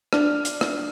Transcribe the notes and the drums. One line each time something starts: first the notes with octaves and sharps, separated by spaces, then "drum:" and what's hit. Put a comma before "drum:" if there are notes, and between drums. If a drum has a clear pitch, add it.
D4 D5 F6, drum: rim click
drum: hi-hat
drum: rim click